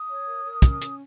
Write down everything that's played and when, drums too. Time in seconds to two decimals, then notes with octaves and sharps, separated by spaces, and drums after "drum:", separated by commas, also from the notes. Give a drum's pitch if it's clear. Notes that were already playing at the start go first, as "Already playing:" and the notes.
Already playing: D#6
0.09 C#5
0.26 A#4
0.45 A#4
0.62 C#4, drum: kick, hi-hat
0.81 C#4, drum: hi-hat